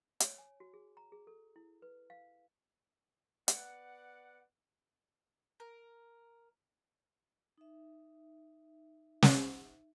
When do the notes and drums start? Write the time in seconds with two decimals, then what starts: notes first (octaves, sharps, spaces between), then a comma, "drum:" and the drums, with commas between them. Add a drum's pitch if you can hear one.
0.20 C#5, drum: hi-hat
0.38 G#5
0.60 F#4
0.74 G#4
0.97 A#5
1.12 G#4
1.27 A4
1.56 E4
1.82 B4
2.10 F5
3.48 B3 D5 F#5, drum: hi-hat
5.60 A#4
7.58 D#4 E5
9.22 drum: snare